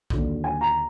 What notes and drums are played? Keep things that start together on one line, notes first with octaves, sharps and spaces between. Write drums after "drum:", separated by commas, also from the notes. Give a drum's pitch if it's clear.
D#2 D3 F#3, drum: kick B1
G#5
A#5